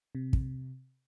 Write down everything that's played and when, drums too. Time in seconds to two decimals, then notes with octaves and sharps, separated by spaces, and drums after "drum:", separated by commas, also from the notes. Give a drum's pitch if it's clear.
0.15 C3
0.33 drum: kick